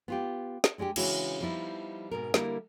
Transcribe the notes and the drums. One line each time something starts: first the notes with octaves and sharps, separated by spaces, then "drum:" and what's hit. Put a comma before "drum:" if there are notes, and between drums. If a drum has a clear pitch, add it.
B3 F4 G4
drum: snare
G3 G#3 D4 F#4 G4
C#3 E3 G#3 D4 E4 F#4, drum: cymbal
F3 G3 B3 D#4 E4
G#2 B2 A#4
D3 G3 A#3 E4 A#4, drum: snare